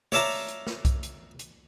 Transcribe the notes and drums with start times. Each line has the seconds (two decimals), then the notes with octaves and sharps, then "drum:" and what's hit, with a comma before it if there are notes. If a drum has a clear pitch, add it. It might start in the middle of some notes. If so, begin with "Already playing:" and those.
0.12 C#5 D5 E5 F5 A5 A#5, drum: snare
0.30 drum: open hi-hat
0.48 drum: hi-hat
0.67 drum: snare
0.85 drum: kick B1, hi-hat
1.03 drum: hi-hat
1.39 drum: hi-hat